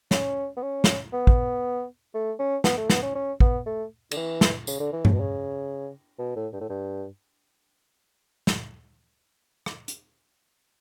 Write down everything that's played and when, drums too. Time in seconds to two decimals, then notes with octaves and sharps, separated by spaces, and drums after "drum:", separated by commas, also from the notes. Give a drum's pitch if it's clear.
0.11 C#4, drum: snare
0.57 B3
0.62 C#4
0.84 drum: snare
1.13 B3
1.27 drum: kick
2.14 A3
2.39 C#4
2.64 B3, drum: snare
2.77 A3
2.90 B3, drum: snare
3.02 C#4
3.15 C#4
3.40 B3, drum: kick
3.66 A3
4.11 D3, drum: cymbal
4.16 E3
4.41 drum: snare
4.67 C#3, drum: tambourine
4.80 D3
4.93 E3
5.05 C#3, drum: tom G2
5.13 B2
5.20 C#3
6.19 B2
6.35 A2
6.53 G2
6.61 A2
6.69 G2
8.47 drum: snare
9.66 drum: rim click
9.88 drum: hi-hat